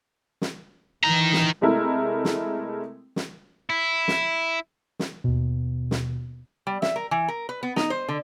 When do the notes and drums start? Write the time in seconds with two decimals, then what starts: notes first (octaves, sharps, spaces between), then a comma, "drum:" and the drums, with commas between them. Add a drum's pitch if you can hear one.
0.42 drum: snare
1.04 D#3 E3 A#5
1.33 drum: snare
1.61 C3 G#3 A3 E4 A#4
2.25 drum: snare
3.16 drum: snare
3.70 E4
4.08 drum: snare
4.99 drum: snare
5.24 D#2 B2
5.91 drum: snare
6.67 G3
6.82 E5, drum: snare
6.96 A#4
7.11 E3
7.28 A#4
7.49 B4
7.63 B3
7.76 D#4, drum: snare
7.90 C5
8.09 D3